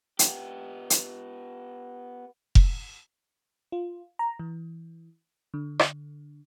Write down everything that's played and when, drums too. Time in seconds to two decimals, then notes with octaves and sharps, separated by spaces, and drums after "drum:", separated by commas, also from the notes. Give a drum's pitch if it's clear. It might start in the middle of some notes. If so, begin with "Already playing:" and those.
0.19 B3 G4, drum: hi-hat
0.90 drum: hi-hat
2.55 drum: kick F1
3.72 F4
4.19 A#5
4.39 E3
5.54 D3
5.79 drum: rim click